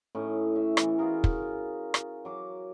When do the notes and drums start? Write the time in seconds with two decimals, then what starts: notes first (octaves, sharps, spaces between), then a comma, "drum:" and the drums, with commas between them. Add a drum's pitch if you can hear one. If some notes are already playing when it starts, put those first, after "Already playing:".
0.15 A2 C#4 D#4
0.56 E5
0.77 E3 B3, drum: rim click
0.98 F4 F#4 G#4 A#4
1.24 drum: kick
1.94 drum: rim click
2.25 F#3 D6